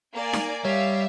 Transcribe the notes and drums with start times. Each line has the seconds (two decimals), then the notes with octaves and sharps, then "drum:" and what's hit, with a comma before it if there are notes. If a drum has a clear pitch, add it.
0.13 A#3 D5 G#5
0.33 drum: snare D#4
0.65 G3 C#5 E5 F5